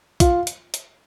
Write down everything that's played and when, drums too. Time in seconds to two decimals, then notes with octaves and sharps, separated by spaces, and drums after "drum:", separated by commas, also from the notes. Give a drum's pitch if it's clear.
0.20 F4, drum: kick B1, hi-hat
0.47 drum: hi-hat
0.74 drum: hi-hat